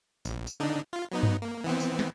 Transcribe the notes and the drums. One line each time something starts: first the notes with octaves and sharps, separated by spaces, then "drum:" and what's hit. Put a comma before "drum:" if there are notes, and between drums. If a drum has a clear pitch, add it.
A#1, drum: tambourine
drum: tambourine
D3 D4 D#4
F4
F#3 B3 D#4
drum: tom G2
A#3
E3 B3 C4
drum: tambourine
drum: snare